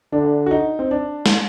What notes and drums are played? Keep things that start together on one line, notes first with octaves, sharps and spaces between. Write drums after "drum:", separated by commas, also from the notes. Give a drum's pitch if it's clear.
D3 D4
F#4
D#4
C4
D4
drum: snare